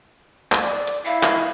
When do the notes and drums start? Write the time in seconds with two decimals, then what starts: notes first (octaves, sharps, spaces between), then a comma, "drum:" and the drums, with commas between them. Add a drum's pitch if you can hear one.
0.52 drum: clap
0.63 D5
0.87 drum: hi-hat
1.05 E4 F5
1.23 drum: clap